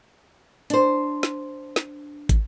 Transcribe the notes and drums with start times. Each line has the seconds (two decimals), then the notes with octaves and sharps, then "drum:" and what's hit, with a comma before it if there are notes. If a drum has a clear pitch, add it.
0.70 D4 C5, drum: hi-hat
1.23 drum: snare
1.76 drum: snare
2.29 drum: kick, hi-hat